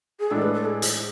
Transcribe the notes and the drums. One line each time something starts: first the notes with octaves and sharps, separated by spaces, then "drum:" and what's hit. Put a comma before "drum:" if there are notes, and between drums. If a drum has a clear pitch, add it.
G#4
A2 G#3 D4 A4
B4
A4
G#4
drum: hi-hat